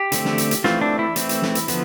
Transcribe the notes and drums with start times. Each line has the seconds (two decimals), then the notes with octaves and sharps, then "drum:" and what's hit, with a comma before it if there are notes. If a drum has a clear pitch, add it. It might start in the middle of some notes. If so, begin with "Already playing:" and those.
Already playing: G4
0.12 D3 A3 C4, drum: hi-hat
0.25 drum: snare
0.38 drum: hi-hat
0.51 drum: hi-hat
0.64 E3 A3 C4 F4, drum: snare
0.81 D4
0.99 E4
1.16 E3 A3 C4, drum: hi-hat
1.29 drum: hi-hat
1.42 drum: snare
1.55 drum: hi-hat
1.68 D3 F3 B3, drum: hi-hat